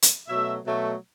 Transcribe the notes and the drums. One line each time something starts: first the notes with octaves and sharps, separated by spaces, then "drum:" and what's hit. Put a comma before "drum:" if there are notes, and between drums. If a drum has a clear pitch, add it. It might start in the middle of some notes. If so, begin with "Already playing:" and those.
drum: hi-hat
B2 F#3 A3 E5
B2 F#3 A3